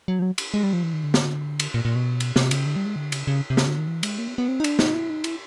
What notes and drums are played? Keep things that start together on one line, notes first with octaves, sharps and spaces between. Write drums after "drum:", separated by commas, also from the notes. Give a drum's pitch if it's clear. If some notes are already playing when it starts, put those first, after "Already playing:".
F#3
F3
F#3
drum: cymbal
G#3
G3
F3
E3
D#3
D3
drum: snare
drum: cymbal
A#2
A#2
B2
drum: cymbal
C3, drum: snare
C#3, drum: cymbal
D3
G3
G#3
D3
C#3, drum: cymbal
C#3
C3
C#3, drum: snare
D3
D#3
E3
G#3, drum: cymbal
A#3
B3
B3
C4
D#4
D4, drum: cymbal
D#4, drum: snare
E4
D#4
E4, drum: cymbal